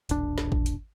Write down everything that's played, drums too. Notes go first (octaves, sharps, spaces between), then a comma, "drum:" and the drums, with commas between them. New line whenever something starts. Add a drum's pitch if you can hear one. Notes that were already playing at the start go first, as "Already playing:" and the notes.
E1 A#1 D4, drum: hi-hat
drum: snare
drum: kick
drum: hi-hat